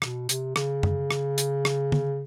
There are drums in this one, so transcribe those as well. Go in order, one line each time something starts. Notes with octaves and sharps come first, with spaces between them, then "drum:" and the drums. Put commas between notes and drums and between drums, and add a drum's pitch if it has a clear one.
B2, drum: rim click
C3, drum: hi-hat
C#3, drum: rim click
drum: tom F#2
drum: rim click
drum: hi-hat
drum: rim click
drum: tom